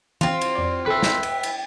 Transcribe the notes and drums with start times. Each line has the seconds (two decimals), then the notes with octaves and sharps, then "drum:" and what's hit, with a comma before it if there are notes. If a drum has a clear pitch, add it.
0.21 C4 F4, drum: tom E3
0.41 drum: cymbal
0.55 F2 D5
0.86 G#1 A4 B4 E5 G5
1.03 drum: snare
1.23 drum: cymbal
1.43 drum: cymbal